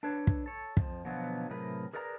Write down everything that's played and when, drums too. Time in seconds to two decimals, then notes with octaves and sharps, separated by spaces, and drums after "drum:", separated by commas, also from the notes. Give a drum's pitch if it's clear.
0.03 D4 A4 B4 C#5
0.27 drum: kick
0.46 A4 C#5
0.77 F2 F3, drum: kick
1.05 B2 D3 F3 F#3 B3 F4
1.50 A2 C3 F#3 G#4 A#4 B4
1.94 G#4 A#4 B4 D5 F5 A#5